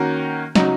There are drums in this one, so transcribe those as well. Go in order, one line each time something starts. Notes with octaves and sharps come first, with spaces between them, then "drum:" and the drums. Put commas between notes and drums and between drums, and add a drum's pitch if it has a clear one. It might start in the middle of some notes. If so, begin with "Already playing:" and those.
Already playing: D#3 A#3 C#4 F#4
C#3 F#3 D#4 F#4, drum: snare